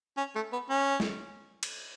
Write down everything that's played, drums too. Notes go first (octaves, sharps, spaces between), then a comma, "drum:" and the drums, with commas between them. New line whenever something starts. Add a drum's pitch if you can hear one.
C#4
A3
B3
C#4
drum: snare
drum: cymbal